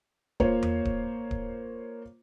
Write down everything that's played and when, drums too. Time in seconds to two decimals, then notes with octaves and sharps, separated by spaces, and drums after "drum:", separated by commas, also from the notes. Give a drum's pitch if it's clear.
0.40 A#3 F4 C5 C#5, drum: kick D1
0.63 drum: tom E2
0.85 drum: kick D1
1.31 drum: kick D1